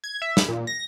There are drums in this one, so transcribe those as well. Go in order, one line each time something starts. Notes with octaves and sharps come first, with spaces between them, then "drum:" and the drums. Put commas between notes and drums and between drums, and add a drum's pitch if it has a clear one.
G#6
E5
B5, drum: snare
A#2
A#6